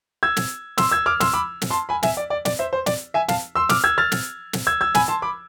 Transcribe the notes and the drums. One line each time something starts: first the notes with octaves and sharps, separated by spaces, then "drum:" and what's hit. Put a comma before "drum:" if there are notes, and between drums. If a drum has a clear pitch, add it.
E6 G#6
drum: snare
C6 E6, drum: snare
E6 G#6
D6 F6
C6 E6, drum: snare
B5 D6
drum: snare
A5 C6
G#5 B5
E5 G#5, drum: snare
D5
D5
D5, drum: snare
C5 E5
C5
D5, drum: snare
E5 G#5
F5 A5, drum: snare
C6 E6
D6 F6, drum: snare
E6 G#6
F6 A6
drum: snare
drum: snare
E6 G#6
E6 G#6
G#5 B5, drum: snare
A5 C6
B5 D6